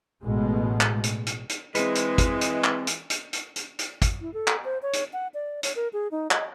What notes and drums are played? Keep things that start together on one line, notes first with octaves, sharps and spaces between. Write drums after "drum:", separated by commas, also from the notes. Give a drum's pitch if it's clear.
A1 B2 G#3
drum: clap
drum: hi-hat
drum: hi-hat
drum: hi-hat
E3 G#3 C4 B4, drum: hi-hat
drum: hi-hat
drum: kick, hi-hat
drum: hi-hat
drum: clap
drum: hi-hat
drum: hi-hat
drum: hi-hat
drum: hi-hat
drum: hi-hat
drum: kick, hi-hat
E4
A4
drum: clap
C5
C#5
drum: hi-hat
F#5
D5
C#5, drum: hi-hat
A#4
G#4
D#4
D#5, drum: clap